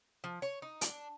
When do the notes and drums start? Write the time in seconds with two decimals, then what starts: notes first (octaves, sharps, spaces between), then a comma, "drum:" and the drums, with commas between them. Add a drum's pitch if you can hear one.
0.24 F3
0.42 C#5
0.62 D#4
0.81 D4, drum: hi-hat